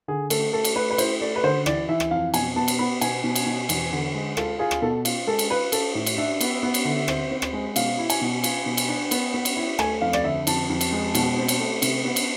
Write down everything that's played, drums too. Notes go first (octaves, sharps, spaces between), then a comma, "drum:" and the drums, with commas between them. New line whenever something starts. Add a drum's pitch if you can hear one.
D3 G#4
A3 A4, drum: cymbal
A3 A4
drum: cymbal
A3 B4
B4
E4 C5, drum: cymbal
A3 D5
B4
D3 C5
E3 D5, drum: rim click
E3 E5
drum: rim click
F2 F5
B2 G#5, drum: cymbal
B3 A5
drum: cymbal
B3 B5
B2 G#5, drum: cymbal
B2
drum: cymbal
B2
E2, drum: cymbal
D3
G#3
F4 A4, drum: rim click
F4 G#4
drum: rim click
B2 A4
F4, drum: cymbal
G#3 A4
drum: cymbal
F4 B4
F4 A4, drum: cymbal
A2
drum: cymbal
D4 E5
B3, drum: cymbal
B3
drum: cymbal
D3
C4, drum: rim click
C4
drum: rim click
G#3
B2 F5, drum: cymbal
E4
G#5, drum: cymbal
B2
F4, drum: cymbal
B2
drum: cymbal
D4
B3, drum: cymbal
B3
drum: cymbal
E4
A3 G#5, drum: rim click
F2 F5
D5, drum: rim click
D3 E5
F2 A5, drum: cymbal
F2
drum: cymbal
G#3
B2, drum: cymbal
C4
drum: cymbal
A3
C3, drum: cymbal
B3
drum: cymbal